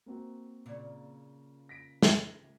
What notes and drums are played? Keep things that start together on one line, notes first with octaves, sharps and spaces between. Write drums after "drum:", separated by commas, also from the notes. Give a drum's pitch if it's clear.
A#3 C4 F#4
A#2 C#3
A#6 B6 D7
drum: snare